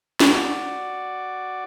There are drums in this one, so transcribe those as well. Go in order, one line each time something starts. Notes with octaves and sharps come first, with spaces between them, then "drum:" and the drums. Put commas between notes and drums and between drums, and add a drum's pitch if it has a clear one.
F#4 D5, drum: snare